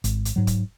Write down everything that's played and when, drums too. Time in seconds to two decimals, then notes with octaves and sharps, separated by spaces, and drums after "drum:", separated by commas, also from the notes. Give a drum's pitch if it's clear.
0.04 G#1, drum: hi-hat
0.25 drum: hi-hat
0.36 G#2 F#3
0.47 drum: kick D1, hi-hat